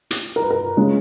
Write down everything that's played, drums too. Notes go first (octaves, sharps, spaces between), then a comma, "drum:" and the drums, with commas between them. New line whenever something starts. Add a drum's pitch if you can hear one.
drum: hi-hat
A#4
B4
A#4
C#3 G#3